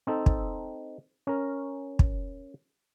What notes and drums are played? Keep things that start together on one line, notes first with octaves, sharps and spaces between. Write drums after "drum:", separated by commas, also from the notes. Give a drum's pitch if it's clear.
C4 D#4 A4
drum: kick
C#4 A#4
drum: kick